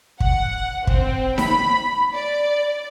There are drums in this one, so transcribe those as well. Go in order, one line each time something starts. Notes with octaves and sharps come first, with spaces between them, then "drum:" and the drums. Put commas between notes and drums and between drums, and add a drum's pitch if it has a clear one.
F#5, drum: kick
C4, drum: kick
B5, drum: snare D#4
D5